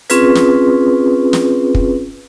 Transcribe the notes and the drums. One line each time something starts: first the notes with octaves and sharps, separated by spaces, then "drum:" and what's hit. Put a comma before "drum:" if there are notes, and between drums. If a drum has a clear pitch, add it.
C4 C#4 F4 G#4 B4, drum: hi-hat
drum: snare
drum: snare
drum: kick